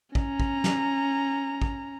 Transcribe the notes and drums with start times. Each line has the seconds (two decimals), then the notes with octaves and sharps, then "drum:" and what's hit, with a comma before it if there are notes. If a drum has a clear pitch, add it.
0.15 C#4 A#5, drum: kick
0.40 drum: kick
0.64 drum: snare
1.62 drum: kick